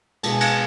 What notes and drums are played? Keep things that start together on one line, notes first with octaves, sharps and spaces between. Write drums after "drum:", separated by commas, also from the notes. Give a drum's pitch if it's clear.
B2 G#3 A5, drum: cymbal
G#5
F5 A5, drum: cymbal